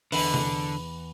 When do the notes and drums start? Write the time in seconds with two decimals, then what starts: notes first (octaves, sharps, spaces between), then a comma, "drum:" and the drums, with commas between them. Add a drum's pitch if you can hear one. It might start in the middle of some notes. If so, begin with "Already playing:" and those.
0.12 E2 D3 B4, drum: open hi-hat
0.34 drum: tom C3